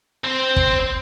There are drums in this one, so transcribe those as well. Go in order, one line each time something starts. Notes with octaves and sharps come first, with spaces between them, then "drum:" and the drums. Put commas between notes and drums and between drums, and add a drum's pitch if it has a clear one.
C4 C5
drum: kick